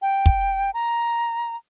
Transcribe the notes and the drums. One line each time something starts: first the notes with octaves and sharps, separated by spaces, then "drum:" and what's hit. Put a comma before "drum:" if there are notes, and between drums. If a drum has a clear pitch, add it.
G5
drum: kick
A#5